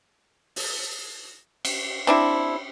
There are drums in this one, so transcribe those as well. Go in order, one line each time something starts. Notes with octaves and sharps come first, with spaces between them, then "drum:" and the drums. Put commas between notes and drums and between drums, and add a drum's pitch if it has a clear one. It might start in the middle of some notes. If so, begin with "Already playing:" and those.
drum: open hi-hat
drum: cymbal
C4 D4 E4